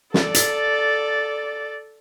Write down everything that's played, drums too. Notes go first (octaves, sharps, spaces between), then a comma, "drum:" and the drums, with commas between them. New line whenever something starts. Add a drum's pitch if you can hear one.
A4 D5, drum: snare
drum: hi-hat